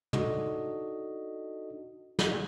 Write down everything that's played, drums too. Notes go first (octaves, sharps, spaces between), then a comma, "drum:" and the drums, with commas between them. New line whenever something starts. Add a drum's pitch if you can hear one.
D4 D#4 F#4 A4 D#5, drum: tom
drum: snare